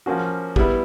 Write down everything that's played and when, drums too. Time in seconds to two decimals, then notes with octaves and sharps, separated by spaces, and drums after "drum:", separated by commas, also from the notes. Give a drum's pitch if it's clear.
0.06 F3 A#3 C#4 F#4
0.56 G3 B3 E4, drum: kick